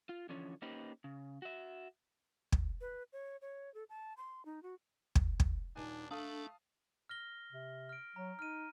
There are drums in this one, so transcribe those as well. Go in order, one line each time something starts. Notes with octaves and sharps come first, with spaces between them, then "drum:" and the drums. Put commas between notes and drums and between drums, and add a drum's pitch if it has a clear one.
F4
D3 E3 F3 C#4 C#5
A#3 C#4 D#4 G4 B4 C5
C#3
F#4 E5
drum: kick
B4
C#5
C#5
A4
A5
C6
D#4
F#4
drum: kick
drum: kick
D#1 D4 D#4 G#5
A3 D4 A4 F5 A5 D#6
F6 A#6 G7
C3
F6 D7
F#3 A#5
D#4 F6 D#7